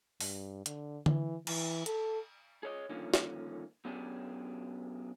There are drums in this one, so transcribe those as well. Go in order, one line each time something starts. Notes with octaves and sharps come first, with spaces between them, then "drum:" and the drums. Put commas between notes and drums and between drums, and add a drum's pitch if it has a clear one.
G2, drum: open hi-hat
D3, drum: hi-hat
E3, drum: tom D3
E3, drum: cymbal
A4, drum: hi-hat
G#4 C#5 D#5
G2 D3 D#3 F3 A#3 C#4
drum: snare
F#3 B3 C#4 D4 G4 G#4